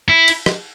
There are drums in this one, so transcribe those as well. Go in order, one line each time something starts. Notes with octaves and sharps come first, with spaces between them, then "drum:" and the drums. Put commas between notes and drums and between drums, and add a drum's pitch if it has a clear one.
E4
drum: cymbal
drum: rim click